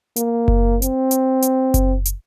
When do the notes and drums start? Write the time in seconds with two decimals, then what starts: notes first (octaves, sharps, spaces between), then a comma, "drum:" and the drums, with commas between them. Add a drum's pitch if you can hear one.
0.16 A#3, drum: hi-hat
0.48 drum: kick F#1
0.82 C4, drum: hi-hat
1.11 drum: hi-hat
1.42 drum: hi-hat
1.74 drum: kick F#1, hi-hat
2.05 drum: hi-hat